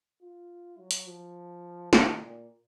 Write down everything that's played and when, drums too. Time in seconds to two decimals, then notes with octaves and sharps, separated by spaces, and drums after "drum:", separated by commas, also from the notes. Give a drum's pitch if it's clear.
0.22 F4
0.78 F#3
0.91 drum: hi-hat
1.07 F3
1.93 D#3, drum: snare
2.21 A#2